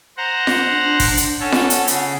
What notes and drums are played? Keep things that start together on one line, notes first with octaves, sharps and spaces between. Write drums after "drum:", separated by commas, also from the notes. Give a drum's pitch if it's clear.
C5 F#5 A#5
drum: snare F4
D4
drum: kick, open hi-hat
drum: hi-hat
C#4 A4 C#5 F#5
drum: snare F4
drum: hi-hat
C#3, drum: hi-hat